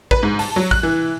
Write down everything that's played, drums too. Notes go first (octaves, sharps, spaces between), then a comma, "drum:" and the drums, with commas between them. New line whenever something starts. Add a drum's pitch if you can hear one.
B4, drum: kick
G#2
A5, drum: open hi-hat
F#3
F#6, drum: kick
E3